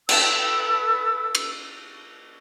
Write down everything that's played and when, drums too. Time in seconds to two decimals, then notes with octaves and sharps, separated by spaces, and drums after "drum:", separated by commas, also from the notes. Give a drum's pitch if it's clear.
0.09 A4 B4 E6, drum: cymbal
1.35 drum: cymbal